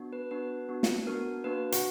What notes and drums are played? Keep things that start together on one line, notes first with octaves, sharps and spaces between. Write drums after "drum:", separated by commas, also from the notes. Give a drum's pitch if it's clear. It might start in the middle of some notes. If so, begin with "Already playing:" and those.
Already playing: B3 D4 F#4
B4
B3 D4 F#4 B4
B3 D4 F#4
drum: snare
B3 D4 F#4 A#4
A#3 D4 F#4 B4
F#4 F#5, drum: hi-hat